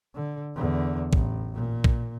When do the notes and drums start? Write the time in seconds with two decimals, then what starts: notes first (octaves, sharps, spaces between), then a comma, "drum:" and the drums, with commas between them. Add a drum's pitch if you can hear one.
0.15 D3
0.56 E2 D3
1.13 A1, drum: kick A#1
1.55 A#2
1.84 drum: kick A#1